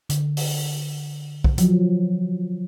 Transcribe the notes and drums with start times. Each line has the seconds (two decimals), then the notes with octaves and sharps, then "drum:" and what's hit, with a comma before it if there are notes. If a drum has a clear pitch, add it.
0.10 D3, drum: hi-hat
0.37 drum: open hi-hat
1.44 drum: kick B1
1.58 F3 F#3, drum: hi-hat